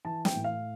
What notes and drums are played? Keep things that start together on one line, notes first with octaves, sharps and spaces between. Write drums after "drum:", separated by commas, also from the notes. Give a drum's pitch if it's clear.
E3 A5
G5, drum: snare
A2
F5